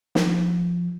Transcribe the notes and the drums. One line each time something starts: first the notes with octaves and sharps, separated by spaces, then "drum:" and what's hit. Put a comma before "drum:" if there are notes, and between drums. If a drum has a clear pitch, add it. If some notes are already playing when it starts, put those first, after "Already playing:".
F3, drum: snare